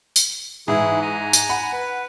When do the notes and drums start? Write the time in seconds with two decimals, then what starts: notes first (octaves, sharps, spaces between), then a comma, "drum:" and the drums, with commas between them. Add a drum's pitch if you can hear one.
0.16 drum: tambourine
0.68 G#2 E3 E4 G#4
1.02 G#5 A#5
1.33 drum: tambourine
1.49 F#5 B5
1.73 B4